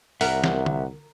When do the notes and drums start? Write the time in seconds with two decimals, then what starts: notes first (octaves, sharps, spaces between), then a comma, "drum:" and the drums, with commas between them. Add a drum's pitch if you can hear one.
0.21 C2 A#4 E5 F#5, drum: open hi-hat
0.44 drum: snare
0.66 drum: tom D3